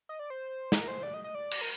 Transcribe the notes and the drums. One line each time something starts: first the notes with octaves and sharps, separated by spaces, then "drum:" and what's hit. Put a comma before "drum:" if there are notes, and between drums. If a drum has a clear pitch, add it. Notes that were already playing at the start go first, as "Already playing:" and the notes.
D#5
D5
C5
A#4, drum: snare
C5
D5
D#5
D#5
D5
drum: cymbal
A#4